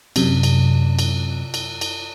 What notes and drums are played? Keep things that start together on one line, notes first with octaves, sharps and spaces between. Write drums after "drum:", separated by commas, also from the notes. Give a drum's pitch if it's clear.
F#2 C3, drum: cymbal
drum: cymbal
drum: cymbal
drum: cymbal
drum: cymbal